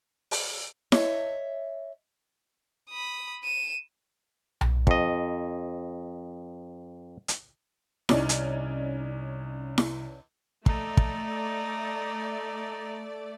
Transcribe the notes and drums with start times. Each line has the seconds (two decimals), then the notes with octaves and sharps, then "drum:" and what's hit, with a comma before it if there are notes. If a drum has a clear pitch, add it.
0.31 drum: open hi-hat
0.92 C#5 D#5 E5, drum: snare E4
2.90 B5 D#6
3.44 D#7 E7
4.61 drum: tom B1
4.87 F2 D#5, drum: kick
7.28 drum: hi-hat
8.09 C2 C#4 D#4 D5, drum: snare E4
8.29 drum: hi-hat
9.78 drum: snare E4
10.66 A3 D#4 D5, drum: kick
10.97 drum: kick